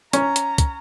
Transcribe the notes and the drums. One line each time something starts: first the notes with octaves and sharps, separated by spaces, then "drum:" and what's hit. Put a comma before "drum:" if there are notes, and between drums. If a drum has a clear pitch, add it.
C#4 A#5, drum: hi-hat
drum: hi-hat
drum: kick, hi-hat